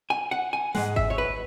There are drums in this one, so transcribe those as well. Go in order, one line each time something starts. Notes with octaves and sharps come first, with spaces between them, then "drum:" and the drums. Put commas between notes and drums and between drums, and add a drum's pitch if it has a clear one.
G#5
F#5
G#5
G#2 G#3 F#5, drum: snare
E5, drum: kick G#1
C#5
B4